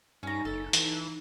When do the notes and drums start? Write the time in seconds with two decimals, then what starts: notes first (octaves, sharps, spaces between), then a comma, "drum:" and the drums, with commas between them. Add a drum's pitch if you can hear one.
0.23 G2 C#4 D#4 A#5
0.45 F#1 A4
0.73 E3 D#4, drum: hi-hat